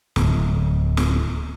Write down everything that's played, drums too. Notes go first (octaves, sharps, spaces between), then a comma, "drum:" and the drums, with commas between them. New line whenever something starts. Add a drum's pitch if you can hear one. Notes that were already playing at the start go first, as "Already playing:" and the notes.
D1, drum: snare
drum: snare